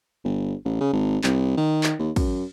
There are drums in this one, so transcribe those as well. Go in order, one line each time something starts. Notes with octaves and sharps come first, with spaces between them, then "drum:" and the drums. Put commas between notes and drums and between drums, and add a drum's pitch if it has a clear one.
G1
A1
C#3
G#1
C2, drum: clap
D#3
drum: clap
D#2
F#2, drum: kick, cymbal